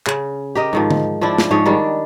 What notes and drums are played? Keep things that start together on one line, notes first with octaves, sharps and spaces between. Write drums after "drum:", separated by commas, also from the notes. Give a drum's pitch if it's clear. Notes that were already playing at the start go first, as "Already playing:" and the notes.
C#3, drum: clap
G4 A#4 D#5
G#2 D#3 F3
drum: tom D3
F3 C4 D4 E4
drum: snare
G#2 F3 G#4 C#5
D#3 G3 D4